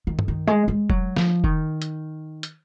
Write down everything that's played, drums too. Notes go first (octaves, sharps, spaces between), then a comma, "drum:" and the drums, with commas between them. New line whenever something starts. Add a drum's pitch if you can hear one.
D#3
drum: tom G2
D#3
G#3
G#3
F#3, drum: kick E1
F3, drum: snare
D#3, drum: kick E1
drum: hi-hat
drum: hi-hat